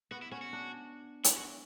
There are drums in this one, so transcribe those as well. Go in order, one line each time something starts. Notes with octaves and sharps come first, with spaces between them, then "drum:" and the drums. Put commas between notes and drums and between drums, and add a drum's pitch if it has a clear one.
B3 F#4
E4
C#4 F#4
F#4
D4
E4, drum: hi-hat
F#4